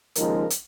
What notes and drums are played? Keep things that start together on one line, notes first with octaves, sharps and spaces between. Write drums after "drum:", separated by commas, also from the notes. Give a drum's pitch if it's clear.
D#2 C#3 F3 G#3 D#4 A#4, drum: hi-hat
drum: hi-hat